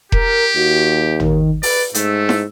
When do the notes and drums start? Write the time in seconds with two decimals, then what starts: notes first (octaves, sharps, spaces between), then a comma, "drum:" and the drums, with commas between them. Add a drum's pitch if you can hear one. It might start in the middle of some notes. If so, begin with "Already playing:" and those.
0.12 G4 A#4, drum: kick E1
0.56 D#2 F#4
1.20 D#3, drum: tom G#1
1.63 B4 D5, drum: open hi-hat
1.94 G#2 A3 E6, drum: hi-hat
2.29 drum: snare